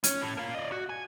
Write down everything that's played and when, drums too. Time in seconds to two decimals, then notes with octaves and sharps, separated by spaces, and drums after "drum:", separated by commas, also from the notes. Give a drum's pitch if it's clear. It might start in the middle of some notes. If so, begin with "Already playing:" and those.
0.04 C#4, drum: hi-hat
0.22 A2
0.37 A#3 F4
0.55 D5 D#5
0.72 F#4
0.89 G#5